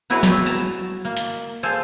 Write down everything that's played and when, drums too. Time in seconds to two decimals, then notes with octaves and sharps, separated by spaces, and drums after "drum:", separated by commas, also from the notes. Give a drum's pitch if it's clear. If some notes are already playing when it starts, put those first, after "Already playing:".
0.10 B3 E4 F#4 G#4 B4 C#5
0.23 drum: snare
0.46 A5 A#5
1.05 A#3
1.17 drum: hi-hat
1.63 G#4 A4 C5 F5 G#5